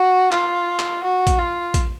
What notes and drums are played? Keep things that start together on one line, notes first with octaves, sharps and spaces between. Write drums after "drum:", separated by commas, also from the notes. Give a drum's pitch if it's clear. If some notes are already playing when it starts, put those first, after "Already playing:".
Already playing: F#4
F4, drum: clap
drum: clap
F#4
drum: kick, hi-hat
F4
drum: kick, hi-hat